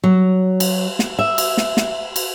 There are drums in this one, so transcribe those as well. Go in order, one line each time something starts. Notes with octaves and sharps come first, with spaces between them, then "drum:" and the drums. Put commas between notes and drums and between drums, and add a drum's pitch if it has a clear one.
F#3
drum: cymbal
drum: snare
E5
drum: cymbal
drum: snare
drum: snare
drum: cymbal